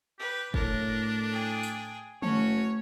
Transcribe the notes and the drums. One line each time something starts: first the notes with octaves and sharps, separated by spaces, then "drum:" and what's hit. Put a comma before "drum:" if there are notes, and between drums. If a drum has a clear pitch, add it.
G4 B4
A2 D4 A#4, drum: kick
G#4 G5
drum: tambourine
F#1 A3 C#4 F#4 C#5, drum: tom D3